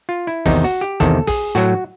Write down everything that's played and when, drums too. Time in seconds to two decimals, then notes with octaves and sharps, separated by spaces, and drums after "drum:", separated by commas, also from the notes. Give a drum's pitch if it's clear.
0.09 F4
0.27 E4
0.46 E2 C3 D#3 D#4, drum: kick, open hi-hat
0.64 F#4
0.81 G4
1.00 E2 C3 D#3 A4, drum: kick, hi-hat
1.27 G#4, drum: kick, open hi-hat
1.55 A2 F#3 F#4, drum: hi-hat